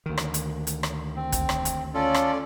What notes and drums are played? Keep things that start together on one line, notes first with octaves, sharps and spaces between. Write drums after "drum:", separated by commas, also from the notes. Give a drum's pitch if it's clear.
D2 D#3
drum: rim click
drum: hi-hat
drum: hi-hat
drum: rim click
C4
drum: kick, hi-hat
drum: rim click
drum: hi-hat
C#4 F4 A4 D5
drum: rim click